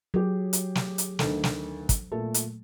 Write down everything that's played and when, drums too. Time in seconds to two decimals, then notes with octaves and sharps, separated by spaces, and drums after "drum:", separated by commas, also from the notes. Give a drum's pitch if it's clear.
0.14 F#3 G4 G#4
0.53 drum: hi-hat
0.75 drum: snare
0.98 drum: hi-hat
1.19 D2 D#3 A4, drum: snare
1.44 drum: snare
1.89 drum: kick, hi-hat
2.12 A#2 A3 A4
2.34 drum: hi-hat